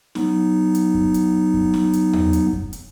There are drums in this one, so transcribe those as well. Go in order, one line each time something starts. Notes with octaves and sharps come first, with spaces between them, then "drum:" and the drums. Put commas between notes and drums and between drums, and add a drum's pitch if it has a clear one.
F#3 B3 D#4, drum: snare C#4
drum: hi-hat
drum: kick F#2
drum: hi-hat
drum: kick F#2
drum: snare C#4
drum: hi-hat
drum: tom E2
drum: hi-hat
drum: kick F#2
drum: hi-hat